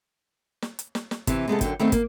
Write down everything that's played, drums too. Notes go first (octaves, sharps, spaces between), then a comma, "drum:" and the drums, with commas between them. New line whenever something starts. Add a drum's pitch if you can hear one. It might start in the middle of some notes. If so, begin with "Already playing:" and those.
drum: snare
drum: hi-hat
drum: snare
drum: snare
C3 E3, drum: kick, hi-hat
C3 G#3 B3 A4
F#2 D3 G5, drum: kick, hi-hat
D#3 A3 B3 C4
A#3, drum: kick, hi-hat